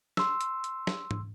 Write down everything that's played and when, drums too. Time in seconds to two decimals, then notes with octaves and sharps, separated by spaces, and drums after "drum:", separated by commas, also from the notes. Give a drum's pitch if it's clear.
0.17 C6 E6, drum: snare
0.41 drum: hi-hat
0.64 drum: hi-hat
0.87 drum: snare
1.11 drum: tom G#2